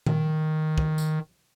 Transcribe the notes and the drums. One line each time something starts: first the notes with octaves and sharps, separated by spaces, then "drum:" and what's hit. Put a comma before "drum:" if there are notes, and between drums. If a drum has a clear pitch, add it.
D#3, drum: tom A#2
drum: kick
drum: tambourine